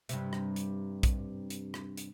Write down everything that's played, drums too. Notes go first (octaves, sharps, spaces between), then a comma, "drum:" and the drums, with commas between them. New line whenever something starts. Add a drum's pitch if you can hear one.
G2 C3, drum: hi-hat
drum: rim click
drum: hi-hat
drum: kick A#1, hi-hat
drum: hi-hat
drum: rim click
drum: hi-hat